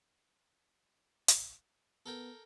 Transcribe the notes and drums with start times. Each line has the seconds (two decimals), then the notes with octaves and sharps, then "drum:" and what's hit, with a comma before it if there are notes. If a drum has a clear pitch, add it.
1.28 drum: hi-hat
2.06 B3 A4 A#4 G5